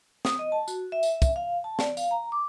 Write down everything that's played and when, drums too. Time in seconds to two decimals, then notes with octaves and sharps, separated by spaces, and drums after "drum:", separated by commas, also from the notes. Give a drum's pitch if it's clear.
0.25 D#6, drum: snare
0.39 D#5
0.52 A5
0.68 F#4, drum: tambourine
0.92 E5
1.03 drum: tambourine
1.22 drum: kick, tambourine
1.36 F5
1.64 A5
1.79 D5, drum: snare
1.97 F5, drum: tambourine
2.11 A#5
2.32 D6